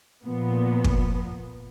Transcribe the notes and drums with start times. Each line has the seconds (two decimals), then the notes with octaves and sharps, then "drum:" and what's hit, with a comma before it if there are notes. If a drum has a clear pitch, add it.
0.24 A#2 F3 B3
0.84 drum: kick